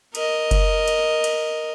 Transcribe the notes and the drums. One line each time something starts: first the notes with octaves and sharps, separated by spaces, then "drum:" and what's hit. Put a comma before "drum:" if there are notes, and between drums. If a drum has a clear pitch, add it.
A#4 D#5, drum: cymbal
drum: kick F#1, cymbal
drum: cymbal
drum: cymbal